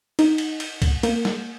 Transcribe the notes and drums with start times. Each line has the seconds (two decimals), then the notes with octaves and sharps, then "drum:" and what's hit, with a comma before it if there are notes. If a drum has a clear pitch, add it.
0.19 D#4, drum: cymbal
0.38 drum: cymbal
0.60 drum: cymbal
0.82 drum: kick, cymbal
1.03 A#3, drum: cymbal
1.25 drum: snare G3